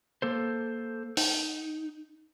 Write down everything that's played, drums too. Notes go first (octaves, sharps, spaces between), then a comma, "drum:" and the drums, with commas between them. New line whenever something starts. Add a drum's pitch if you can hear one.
A#3 A4 C5
D#4, drum: open hi-hat